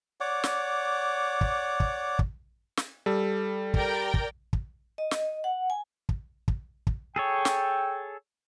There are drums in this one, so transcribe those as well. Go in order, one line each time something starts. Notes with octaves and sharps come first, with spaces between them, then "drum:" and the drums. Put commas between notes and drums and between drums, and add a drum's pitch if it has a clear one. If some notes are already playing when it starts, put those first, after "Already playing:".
C#5 D5 F#5 D6
drum: snare
drum: kick
drum: kick
drum: kick
drum: snare
G3 A4
A#4 D5 G5, drum: kick
drum: kick
drum: kick
D#5
drum: snare
F#5
G#5
drum: kick
drum: kick
drum: kick
G#4 A4 C#5 G5
drum: snare